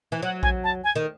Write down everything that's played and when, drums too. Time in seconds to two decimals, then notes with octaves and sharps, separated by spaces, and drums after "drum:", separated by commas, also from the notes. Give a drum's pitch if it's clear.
0.12 E3
0.23 F#3 F#5
0.43 G#5, drum: kick A#1
0.64 A5
0.84 G#5
0.96 D#3